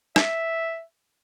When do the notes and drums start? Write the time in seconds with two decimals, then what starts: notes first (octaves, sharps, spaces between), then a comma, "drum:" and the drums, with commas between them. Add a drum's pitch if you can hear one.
0.16 E5, drum: rim click